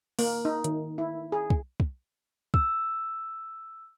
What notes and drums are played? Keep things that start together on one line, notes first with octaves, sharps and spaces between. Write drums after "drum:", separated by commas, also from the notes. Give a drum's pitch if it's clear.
A#3, drum: open hi-hat
D#4
D#3, drum: hi-hat
E4
G#4
drum: kick
drum: kick
E6, drum: kick